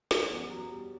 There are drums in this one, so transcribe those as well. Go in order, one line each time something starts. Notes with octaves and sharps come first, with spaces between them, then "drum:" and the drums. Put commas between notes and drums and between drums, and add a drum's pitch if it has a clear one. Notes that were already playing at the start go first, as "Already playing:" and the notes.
F#2 D4, drum: snare
C#4
E3 B3
G3
E2 F#3
B2 F#3 G3